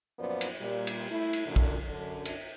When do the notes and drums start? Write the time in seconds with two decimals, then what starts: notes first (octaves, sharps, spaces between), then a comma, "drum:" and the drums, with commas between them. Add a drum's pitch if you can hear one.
0.19 F#2 A#2 F3 B3 D5
0.41 drum: cymbal
0.60 A#2 G3
0.87 drum: cymbal
1.10 A3 E4
1.33 drum: cymbal
1.46 F#2 A#2 D3
1.56 drum: kick
1.86 F#2 D3
2.25 drum: cymbal